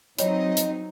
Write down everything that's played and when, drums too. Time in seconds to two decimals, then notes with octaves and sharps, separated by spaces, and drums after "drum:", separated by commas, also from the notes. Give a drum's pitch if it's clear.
0.18 F#3 C4 D#4 F4 C#5 D#5 G5, drum: hi-hat
0.57 drum: hi-hat